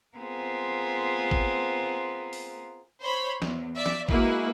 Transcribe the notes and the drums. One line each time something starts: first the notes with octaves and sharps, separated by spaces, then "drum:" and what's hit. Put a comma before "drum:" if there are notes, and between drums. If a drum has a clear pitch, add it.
B3 C4 F4 G#4 A#4
drum: kick
drum: open hi-hat
C5 C#5 B5
E2, drum: snare
D5 E5
drum: snare
G#3 A#3 E4 F#4 G#4 B4, drum: kick